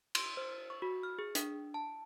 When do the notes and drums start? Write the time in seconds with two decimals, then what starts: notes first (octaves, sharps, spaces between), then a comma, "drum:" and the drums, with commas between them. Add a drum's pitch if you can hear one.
0.15 C6, drum: cymbal
0.37 C5
0.70 C#6
0.82 F#4
1.03 F6
1.19 G#4
1.35 D4, drum: hi-hat
1.74 A5